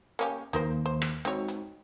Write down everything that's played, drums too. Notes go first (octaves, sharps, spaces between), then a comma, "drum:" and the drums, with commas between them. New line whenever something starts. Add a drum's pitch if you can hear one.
A#3 C#4 G4
D#2 D#3 A#3 D#4 A#4 C5, drum: hi-hat
C5
drum: rim click
G#3 C4 D#4 F#4 C#5, drum: hi-hat
drum: hi-hat